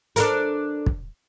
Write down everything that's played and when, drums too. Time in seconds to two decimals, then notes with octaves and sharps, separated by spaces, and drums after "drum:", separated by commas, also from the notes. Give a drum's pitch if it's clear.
0.16 D4 A4 A#4, drum: hi-hat
0.86 drum: kick